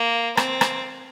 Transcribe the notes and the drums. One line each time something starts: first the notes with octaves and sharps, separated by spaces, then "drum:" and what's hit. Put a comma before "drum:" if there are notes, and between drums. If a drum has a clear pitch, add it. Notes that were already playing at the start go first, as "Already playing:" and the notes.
Already playing: A#3
C4, drum: rim click
drum: rim click